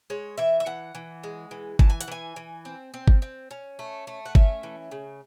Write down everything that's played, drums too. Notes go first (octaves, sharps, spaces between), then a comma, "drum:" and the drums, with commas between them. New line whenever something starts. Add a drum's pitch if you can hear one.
G#3 C#5
E3 E5
E5
E3 F#5
E3
G#3
E3
E3 A5, drum: kick G1
G#5
F#5, drum: hi-hat
E3 G#5
E3
C4
C4
drum: kick G1
C4
C#4
A3
A3
F#5
C#4 E5, drum: kick G1
E3
C#3